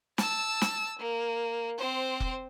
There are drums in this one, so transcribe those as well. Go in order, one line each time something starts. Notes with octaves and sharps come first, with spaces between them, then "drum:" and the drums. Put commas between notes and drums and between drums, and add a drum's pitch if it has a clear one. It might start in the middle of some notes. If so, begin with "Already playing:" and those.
A5 E6, drum: snare
drum: snare
A#3
C4 C5
drum: kick